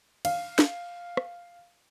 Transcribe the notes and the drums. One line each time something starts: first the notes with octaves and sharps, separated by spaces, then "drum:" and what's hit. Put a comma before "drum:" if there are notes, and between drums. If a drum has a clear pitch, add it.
F5, drum: cymbal
drum: snare
drum: rim click